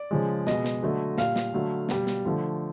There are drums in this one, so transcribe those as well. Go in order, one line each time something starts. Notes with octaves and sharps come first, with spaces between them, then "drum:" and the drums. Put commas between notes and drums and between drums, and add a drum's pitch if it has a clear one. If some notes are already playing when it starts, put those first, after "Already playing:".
Already playing: D5
C#3 F3 G#3
B2 G#3 D#5, drum: snare
drum: snare
D3 F#3 A3
A#2 G3 F5, drum: snare
drum: snare
D3 F#3 A3
B2 G3, drum: snare
drum: snare
D3 F3 A3